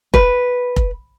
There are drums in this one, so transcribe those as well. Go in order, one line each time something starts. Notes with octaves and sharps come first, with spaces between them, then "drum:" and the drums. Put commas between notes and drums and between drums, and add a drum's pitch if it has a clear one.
B4, drum: kick F1
drum: kick F1